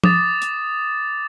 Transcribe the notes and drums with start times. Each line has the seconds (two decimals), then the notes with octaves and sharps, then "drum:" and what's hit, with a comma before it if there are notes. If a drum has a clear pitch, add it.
0.04 D6 D#6 A6, drum: tom F3
0.42 drum: hi-hat